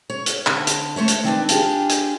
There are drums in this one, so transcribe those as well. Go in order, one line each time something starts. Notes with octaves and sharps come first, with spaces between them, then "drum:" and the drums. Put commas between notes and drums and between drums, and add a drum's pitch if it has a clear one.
C#5
drum: hi-hat
D3, drum: clap
drum: hi-hat
A3 C5 C#5 E5
drum: hi-hat
D#3 C4 D4 B4
D4 F4 G4 G#4, drum: hi-hat
drum: hi-hat